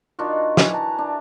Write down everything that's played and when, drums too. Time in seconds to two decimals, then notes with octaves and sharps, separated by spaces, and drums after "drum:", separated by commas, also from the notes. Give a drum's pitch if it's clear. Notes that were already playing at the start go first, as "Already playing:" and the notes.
0.19 D#3 D4 F4 F#4
0.57 E3, drum: snare
0.73 A5 A#5
0.98 D4